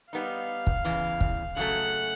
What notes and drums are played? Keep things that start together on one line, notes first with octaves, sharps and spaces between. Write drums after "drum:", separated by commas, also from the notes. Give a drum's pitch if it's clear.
G3 B3 D#4 F5
drum: kick
E2 C#3 E3
drum: kick
C#3 F#3 A3 F#5